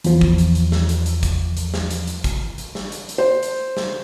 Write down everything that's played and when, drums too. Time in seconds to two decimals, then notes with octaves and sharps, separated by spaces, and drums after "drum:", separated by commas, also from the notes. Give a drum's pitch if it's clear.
0.04 E2 F3, drum: hi-hat
0.21 drum: kick
0.38 drum: hi-hat
0.55 drum: hi-hat
0.72 drum: snare
0.89 drum: hi-hat
1.06 drum: hi-hat
1.23 drum: kick, hi-hat
1.57 drum: hi-hat
1.74 drum: snare
1.91 drum: hi-hat
2.07 drum: hi-hat
2.24 drum: kick, hi-hat
2.58 drum: hi-hat
2.75 drum: snare
2.92 drum: hi-hat
3.09 drum: hi-hat
3.18 C5
3.43 drum: hi-hat
3.77 drum: snare